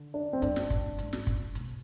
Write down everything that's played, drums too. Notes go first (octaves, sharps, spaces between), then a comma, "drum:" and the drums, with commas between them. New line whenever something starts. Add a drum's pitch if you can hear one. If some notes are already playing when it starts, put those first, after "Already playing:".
Already playing: D3
D4
C4
G2 D4, drum: hi-hat
drum: snare
drum: kick, hi-hat
G#2, drum: hi-hat
drum: snare
drum: kick, hi-hat
B2, drum: hi-hat